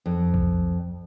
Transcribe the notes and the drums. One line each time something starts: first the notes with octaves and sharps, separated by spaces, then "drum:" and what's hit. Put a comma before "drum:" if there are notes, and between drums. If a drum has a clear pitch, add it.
F2
drum: kick B1